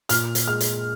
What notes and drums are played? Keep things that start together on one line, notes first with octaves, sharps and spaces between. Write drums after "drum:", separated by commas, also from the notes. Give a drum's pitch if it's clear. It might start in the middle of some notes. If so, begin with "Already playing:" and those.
A#2 F6, drum: hi-hat
drum: hi-hat
G#3 F6
drum: hi-hat